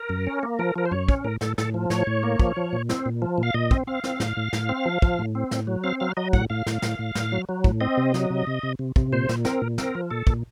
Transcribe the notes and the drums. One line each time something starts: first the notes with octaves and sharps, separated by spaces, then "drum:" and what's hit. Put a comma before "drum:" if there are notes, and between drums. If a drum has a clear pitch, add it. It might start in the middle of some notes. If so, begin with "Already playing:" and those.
Already playing: A#4
F#2
C#4
A#3
F3 A#4
F3 A#4
C5
F#2 C#5
C#4, drum: kick
A2 A#4
A2 A4, drum: snare
A2 A4, drum: snare
F3
A2 C#5, drum: snare
A2
A#3
F3, drum: kick
F3
A#2
C4, drum: snare
A#2
F3
A#2
F5
A#2 D#5
C4, drum: kick
C4 F5
C4, drum: snare
A2, drum: snare
A2
A2, drum: snare
C4
F3
F3, drum: kick
A2
C4
A2, drum: snare
F#3
C4 F5
F#3 F5
F#3 D#5
A2 F#5, drum: kick
A2 F5
A2, drum: snare
A2, drum: snare
A2
A2, drum: snare
F#3
F#3
A2, drum: kick
C4 D#5
C3
F#3, drum: snare
C3
C3
C3
C3
C3, drum: kick
A#2 C5
A#2, drum: snare
C4 A#4, drum: snare
A#2
C4 A#4, drum: snare
F3
A#2 A4
A#2, drum: kick